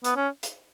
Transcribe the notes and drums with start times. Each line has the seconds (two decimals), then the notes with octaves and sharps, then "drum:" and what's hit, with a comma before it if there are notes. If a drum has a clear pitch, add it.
0.04 B3, drum: hi-hat
0.16 C#4
0.43 drum: hi-hat